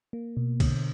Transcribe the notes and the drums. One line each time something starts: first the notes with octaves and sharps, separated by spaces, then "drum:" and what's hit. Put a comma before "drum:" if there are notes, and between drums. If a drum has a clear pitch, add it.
A#3
B2
D3, drum: kick, cymbal